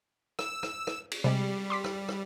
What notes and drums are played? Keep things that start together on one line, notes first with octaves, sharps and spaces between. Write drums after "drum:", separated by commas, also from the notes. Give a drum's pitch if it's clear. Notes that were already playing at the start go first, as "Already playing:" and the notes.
E6, drum: rim click
drum: rim click
drum: rim click
drum: cymbal
C3 G3 G#3
C6 D6 B6
drum: rim click
drum: rim click